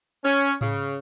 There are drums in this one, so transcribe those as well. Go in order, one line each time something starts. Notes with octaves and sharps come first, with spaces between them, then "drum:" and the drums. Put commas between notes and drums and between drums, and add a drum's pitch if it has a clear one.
C#4
C#3, drum: tom G#2